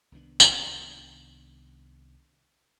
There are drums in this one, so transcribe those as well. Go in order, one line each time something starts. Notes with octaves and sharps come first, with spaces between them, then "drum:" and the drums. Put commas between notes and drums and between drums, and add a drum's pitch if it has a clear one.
C2 D#3 B3 D4
drum: tambourine